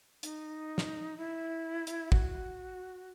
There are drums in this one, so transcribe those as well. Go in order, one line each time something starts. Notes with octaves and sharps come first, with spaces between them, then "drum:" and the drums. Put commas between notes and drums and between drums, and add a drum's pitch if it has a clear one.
D#4, drum: hi-hat
drum: snare
E4
drum: hi-hat
F#4, drum: kick